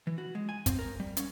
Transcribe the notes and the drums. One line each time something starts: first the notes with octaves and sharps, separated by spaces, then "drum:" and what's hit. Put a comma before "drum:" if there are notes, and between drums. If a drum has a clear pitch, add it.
E3
F#4
G#3
G#5
C4, drum: kick, hi-hat
A#4
G3
C#4, drum: hi-hat